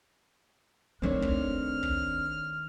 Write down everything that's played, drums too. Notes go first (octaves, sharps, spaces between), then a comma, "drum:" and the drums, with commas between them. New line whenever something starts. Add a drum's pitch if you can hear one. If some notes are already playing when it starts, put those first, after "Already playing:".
D#3 A3 C4 D4 C#5 F6
drum: kick
drum: kick